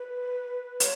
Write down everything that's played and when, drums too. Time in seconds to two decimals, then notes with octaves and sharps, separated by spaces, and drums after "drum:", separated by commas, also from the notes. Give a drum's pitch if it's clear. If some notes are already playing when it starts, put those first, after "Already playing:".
Already playing: B4
0.80 C#5, drum: hi-hat